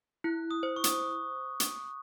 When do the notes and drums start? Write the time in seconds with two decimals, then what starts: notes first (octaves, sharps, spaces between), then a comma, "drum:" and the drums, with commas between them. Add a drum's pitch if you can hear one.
0.24 E4 F#6
0.51 D#6
0.63 C5
0.76 C#6
0.84 D#6, drum: hi-hat
1.60 drum: hi-hat